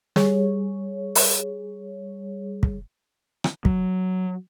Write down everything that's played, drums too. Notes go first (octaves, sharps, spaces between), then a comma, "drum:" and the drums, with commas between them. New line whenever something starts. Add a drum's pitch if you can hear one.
G3 G#4 C#5, drum: snare
drum: open hi-hat
drum: kick
drum: rim click
F#3, drum: kick